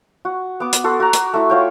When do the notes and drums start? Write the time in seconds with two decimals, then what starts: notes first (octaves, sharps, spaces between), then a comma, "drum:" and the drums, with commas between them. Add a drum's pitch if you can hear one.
0.25 F#4
0.60 B3 D6
0.73 drum: hi-hat
0.84 F#4 A4 C6
1.00 F#4 A#5
1.13 drum: hi-hat
1.34 A3 E4
1.50 F4 C#5 G5